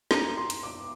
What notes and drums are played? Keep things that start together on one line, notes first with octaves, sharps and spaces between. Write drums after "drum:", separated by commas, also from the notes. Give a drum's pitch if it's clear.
A#5, drum: snare
C6
drum: hi-hat
D6